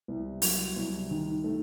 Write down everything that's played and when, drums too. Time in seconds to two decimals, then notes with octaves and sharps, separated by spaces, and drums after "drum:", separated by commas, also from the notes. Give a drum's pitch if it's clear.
0.08 C2
0.42 F#3, drum: open hi-hat
0.76 C2
1.11 D#3
1.44 A3